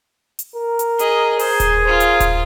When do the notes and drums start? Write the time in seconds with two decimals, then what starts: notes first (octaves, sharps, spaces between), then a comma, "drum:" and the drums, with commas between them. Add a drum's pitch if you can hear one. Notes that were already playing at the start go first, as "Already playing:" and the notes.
0.39 drum: hi-hat
0.55 A#4
0.79 drum: hi-hat
0.99 G#4 D#5, drum: hi-hat
1.39 G#4 C5, drum: open hi-hat
1.60 drum: kick D#1, hi-hat
1.84 F4 A#4 C5
2.00 drum: hi-hat
2.20 drum: kick D#1, hi-hat